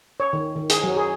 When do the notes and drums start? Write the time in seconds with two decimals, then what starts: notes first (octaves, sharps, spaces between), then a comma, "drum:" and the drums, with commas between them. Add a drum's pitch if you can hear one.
0.20 C#5
0.33 D#3
0.56 D#3
0.70 G#4, drum: hi-hat
0.84 F#3
0.96 G#4